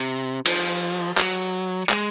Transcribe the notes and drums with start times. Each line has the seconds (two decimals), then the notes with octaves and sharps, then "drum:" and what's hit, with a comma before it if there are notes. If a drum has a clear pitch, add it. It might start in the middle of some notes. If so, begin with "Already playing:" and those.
Already playing: C3
0.46 F3, drum: cymbal
1.18 F#3, drum: clap
1.89 G#3, drum: clap